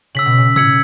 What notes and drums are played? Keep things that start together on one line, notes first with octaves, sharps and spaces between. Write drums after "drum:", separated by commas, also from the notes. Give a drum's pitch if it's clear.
C#3 E6 B6 F#7
B2
C#3
E6 G#6 C#7 F#7, drum: tom